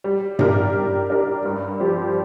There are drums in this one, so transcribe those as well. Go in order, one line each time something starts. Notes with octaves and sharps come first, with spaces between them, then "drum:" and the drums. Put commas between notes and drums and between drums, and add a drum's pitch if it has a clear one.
G3
D4 G4 A#4, drum: tom G2
G3
D4 G4 A#4
G2
F3 C4 G4 C5